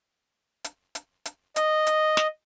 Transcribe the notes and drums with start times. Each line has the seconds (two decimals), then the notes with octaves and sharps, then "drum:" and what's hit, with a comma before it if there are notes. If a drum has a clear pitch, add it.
0.64 drum: hi-hat
0.95 drum: hi-hat
1.25 drum: hi-hat
1.56 D#5, drum: hi-hat
1.87 drum: hi-hat
2.17 drum: snare